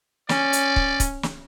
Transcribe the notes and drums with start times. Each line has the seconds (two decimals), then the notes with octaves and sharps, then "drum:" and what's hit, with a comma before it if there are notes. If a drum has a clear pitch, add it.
0.29 C#4 D5, drum: snare
0.53 drum: hi-hat
0.76 drum: kick C#1
1.00 drum: kick C#1, hi-hat
1.23 drum: snare